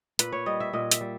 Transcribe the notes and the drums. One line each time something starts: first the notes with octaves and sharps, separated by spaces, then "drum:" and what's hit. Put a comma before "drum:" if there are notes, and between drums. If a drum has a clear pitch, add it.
A#2 B4, drum: hi-hat
C#5
G3 D#5
E5
A#2 D#5
E5, drum: hi-hat
G3